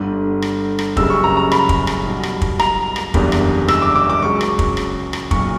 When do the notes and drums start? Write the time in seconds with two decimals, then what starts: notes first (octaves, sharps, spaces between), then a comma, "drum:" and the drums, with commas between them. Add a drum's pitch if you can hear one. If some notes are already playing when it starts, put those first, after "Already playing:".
Already playing: G1 G2 D3
0.42 drum: rim click
0.79 drum: rim click
0.97 F#1 F#2 C#3 G3 E6, drum: kick
1.10 C#6
1.24 A#5
1.37 A#5
1.52 B5, drum: rim click
1.69 drum: kick
1.87 drum: rim click
2.06 B1 B2 G3
2.23 drum: rim click
2.42 drum: kick
2.59 A#5, drum: rim click
2.96 drum: rim click
3.14 F#1 E2 D3 G3, drum: kick
3.32 drum: rim click
3.68 E6, drum: rim click
3.82 D6
3.96 D6
4.10 D6
4.22 C#2 C#3 F#3 C#6
4.41 drum: rim click
4.59 drum: kick
4.77 drum: rim click
5.13 drum: rim click
5.31 B1 A#2 F#3 C#6, drum: kick